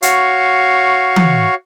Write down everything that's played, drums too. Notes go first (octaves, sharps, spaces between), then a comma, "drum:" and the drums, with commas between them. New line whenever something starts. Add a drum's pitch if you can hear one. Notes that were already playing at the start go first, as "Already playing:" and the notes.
F#4 C#5 F5 C#6, drum: hi-hat
drum: tom E3